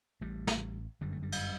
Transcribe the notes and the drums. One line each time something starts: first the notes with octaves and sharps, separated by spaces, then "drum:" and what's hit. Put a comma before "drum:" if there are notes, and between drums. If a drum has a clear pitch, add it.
A1 A2 G3
drum: snare
G1 F#2 D3 G3
A3
G3
drum: cymbal